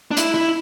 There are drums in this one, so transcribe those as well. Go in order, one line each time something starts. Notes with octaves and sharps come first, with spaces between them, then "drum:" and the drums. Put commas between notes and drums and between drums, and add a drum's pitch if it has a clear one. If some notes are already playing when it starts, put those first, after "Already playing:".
D4
E4, drum: hi-hat
E4